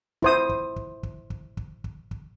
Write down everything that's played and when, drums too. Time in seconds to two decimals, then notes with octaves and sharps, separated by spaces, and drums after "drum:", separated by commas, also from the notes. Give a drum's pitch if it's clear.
0.22 E4 C5 D#6, drum: kick
0.49 drum: kick
0.76 drum: kick
1.03 drum: kick
1.30 drum: kick
1.57 drum: kick
1.84 drum: kick
2.11 drum: kick